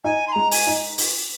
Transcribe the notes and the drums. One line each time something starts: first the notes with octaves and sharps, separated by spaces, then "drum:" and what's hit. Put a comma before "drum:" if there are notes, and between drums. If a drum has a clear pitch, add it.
D#4 G#5
C6
G#3 A#5
G#5, drum: open hi-hat
D#4
drum: open hi-hat